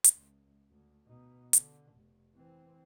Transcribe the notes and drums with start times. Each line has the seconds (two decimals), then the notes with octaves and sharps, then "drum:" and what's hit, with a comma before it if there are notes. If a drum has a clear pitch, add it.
0.04 drum: hi-hat
0.14 C#2
0.70 D2
1.06 B2 D#4
1.53 D3, drum: hi-hat
1.94 F1
2.35 E3 C4